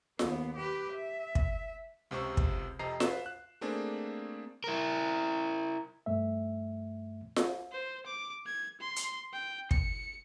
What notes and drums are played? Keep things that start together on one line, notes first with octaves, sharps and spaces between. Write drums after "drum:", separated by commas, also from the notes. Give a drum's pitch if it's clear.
D#2 B3, drum: snare F4
G4 B4
E5
drum: kick
C#2 C3 C5 C#6
drum: kick
F2 C3 D#5 A#5 C7
F4 B4 F#6 E7, drum: snare F4
F#6
A3 A#3 C4 D4 G#4
E4 A#4
G2 A3 E5
drum: snare F4
C5
D6
G#6
C6
drum: hi-hat
G5
C#7, drum: kick